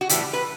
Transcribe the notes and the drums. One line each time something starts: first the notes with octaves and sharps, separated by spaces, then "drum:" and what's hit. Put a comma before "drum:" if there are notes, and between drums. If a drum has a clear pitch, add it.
F#4
A2 E3 G3 G4, drum: hi-hat
B4